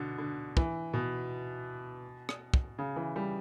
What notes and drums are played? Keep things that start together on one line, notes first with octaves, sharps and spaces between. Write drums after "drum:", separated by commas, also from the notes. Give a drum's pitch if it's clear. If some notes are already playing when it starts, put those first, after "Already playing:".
Already playing: B2 D3
D3
E3, drum: kick
B2
drum: rim click
drum: kick
C#3
E3
G3